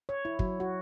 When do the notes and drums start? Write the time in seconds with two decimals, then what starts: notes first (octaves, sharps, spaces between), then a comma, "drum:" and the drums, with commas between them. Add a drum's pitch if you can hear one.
0.09 C#5
0.25 E4
0.39 F#3, drum: kick
0.60 F#4